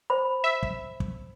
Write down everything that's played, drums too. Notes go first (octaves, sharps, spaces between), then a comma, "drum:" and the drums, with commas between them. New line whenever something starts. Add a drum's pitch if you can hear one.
C5 B5
E5
drum: kick
drum: kick